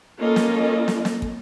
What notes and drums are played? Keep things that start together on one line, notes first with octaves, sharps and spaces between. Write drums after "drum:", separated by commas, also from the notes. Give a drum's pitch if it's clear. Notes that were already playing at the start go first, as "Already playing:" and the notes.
A#3 C#4 F4 A4 D#5
drum: snare
drum: snare
drum: snare
drum: kick